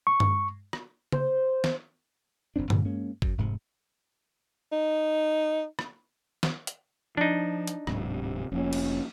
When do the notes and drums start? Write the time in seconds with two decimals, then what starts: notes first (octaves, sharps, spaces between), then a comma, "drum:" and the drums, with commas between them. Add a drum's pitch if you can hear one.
0.07 C#6
0.20 drum: tom G2
0.73 drum: rim click
1.12 C5, drum: tom C#3
1.64 drum: snare
2.56 G1 F2 C4 D4
2.70 A#2 D3 D#3 F3, drum: tom G2
2.85 G#3 A#3 C#4
3.22 F#2, drum: kick G#1
3.38 F1 G#2 C3
4.72 D#4
5.79 drum: rim click
6.43 drum: snare
6.67 drum: hi-hat
7.17 F3 D4 D#4
7.67 drum: hi-hat
7.87 D1 G#2 C3 F#3, drum: rim click
8.52 F1 F3 A#3 C#4
8.73 drum: cymbal